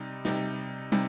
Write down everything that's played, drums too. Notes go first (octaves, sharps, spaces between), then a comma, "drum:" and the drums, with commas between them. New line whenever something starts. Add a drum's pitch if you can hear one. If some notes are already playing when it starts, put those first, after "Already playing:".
Already playing: C3 G3 D#4
C3 G3 D#4, drum: snare
C3 G3 D#4, drum: tom